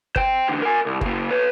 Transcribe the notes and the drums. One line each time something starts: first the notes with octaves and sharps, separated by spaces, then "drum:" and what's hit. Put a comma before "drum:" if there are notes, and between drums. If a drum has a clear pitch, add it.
C5 G5, drum: kick G1
E2 D3
A#4 G#5
C2
C#3 A#3, drum: kick G1
B4 C#5